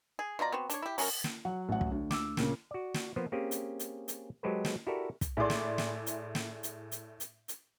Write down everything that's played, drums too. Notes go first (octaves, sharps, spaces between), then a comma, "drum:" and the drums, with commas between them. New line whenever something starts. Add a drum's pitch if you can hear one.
G#4
B2 F4 D5 A#5
B3 C4 F#4
D4 C#5, drum: hi-hat
E4 G4
F#3 C#4 A4 A#4, drum: open hi-hat
drum: snare
F#3 F#5
A1 F#5
drum: kick
D2
D6 E6, drum: snare
A#2 C#3, drum: snare
F#4 D5
drum: snare
F3 A#3 B3 C5
A#3 C4 C#4 G4 G#4
drum: hi-hat
drum: hi-hat
drum: hi-hat
F#3 G#3 G4 A4 B4 C5
drum: snare
E4 F#4 G4 A4 A#4 D5
drum: kick, hi-hat
A2 E4 G#4 D5 C6
drum: snare
drum: snare
drum: hi-hat
drum: snare
drum: hi-hat
drum: hi-hat
drum: hi-hat
drum: hi-hat